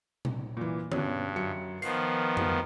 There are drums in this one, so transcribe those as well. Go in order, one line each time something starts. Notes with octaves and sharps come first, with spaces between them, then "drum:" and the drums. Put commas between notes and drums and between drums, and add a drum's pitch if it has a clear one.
drum: tom A#2
A#2 E3
G2 B2 C#4, drum: tom D3
F#2 C#7
D#3 F3 B3 C7, drum: hi-hat
drum: tom F2